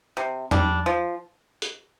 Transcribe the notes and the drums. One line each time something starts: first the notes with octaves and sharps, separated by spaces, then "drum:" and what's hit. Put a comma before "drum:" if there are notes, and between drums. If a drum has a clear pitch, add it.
C3
G3 D4, drum: tom E2
F3
drum: hi-hat